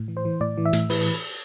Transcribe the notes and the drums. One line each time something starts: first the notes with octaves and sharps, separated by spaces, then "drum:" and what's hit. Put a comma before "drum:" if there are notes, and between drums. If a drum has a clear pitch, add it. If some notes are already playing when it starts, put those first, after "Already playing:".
Already playing: A2
E3
C5
E3
A2 D5
E3
E5
A2, drum: hi-hat
E3 B4, drum: open hi-hat